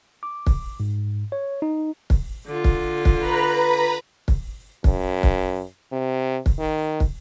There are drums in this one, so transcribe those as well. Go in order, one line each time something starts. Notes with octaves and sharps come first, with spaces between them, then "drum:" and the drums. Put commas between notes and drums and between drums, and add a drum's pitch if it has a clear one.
D6
drum: kick
G#2
C#5
D#4
drum: kick
D3 F4
drum: kick
drum: kick
B4 A#5 B5
drum: kick
F#2, drum: kick
drum: kick
C3
drum: kick
D#3
drum: kick